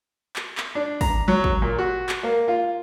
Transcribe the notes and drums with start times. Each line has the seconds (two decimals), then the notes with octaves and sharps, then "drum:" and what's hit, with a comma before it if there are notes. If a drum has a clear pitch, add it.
0.36 drum: clap
0.58 drum: clap
0.75 D4
1.01 A#5, drum: kick, open hi-hat
1.28 F#3
1.44 drum: kick
1.62 A#2
1.78 F#4
2.09 drum: clap
2.23 A#3
2.48 F4